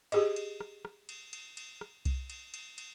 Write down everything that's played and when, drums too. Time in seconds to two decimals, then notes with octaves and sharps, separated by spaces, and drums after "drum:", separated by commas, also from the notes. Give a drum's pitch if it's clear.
0.12 G4 G#4 D#5, drum: cymbal
0.36 drum: cymbal
0.60 drum: rim click
0.85 drum: rim click
1.09 drum: cymbal
1.33 drum: cymbal
1.57 drum: cymbal
1.81 drum: rim click
2.05 drum: kick C2, cymbal
2.30 drum: cymbal
2.54 drum: cymbal
2.78 drum: cymbal